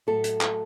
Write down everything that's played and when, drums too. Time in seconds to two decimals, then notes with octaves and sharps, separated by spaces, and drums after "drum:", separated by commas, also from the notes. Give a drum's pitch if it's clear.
0.07 A2 F#3 A3 A4
0.24 drum: hi-hat
0.41 drum: clap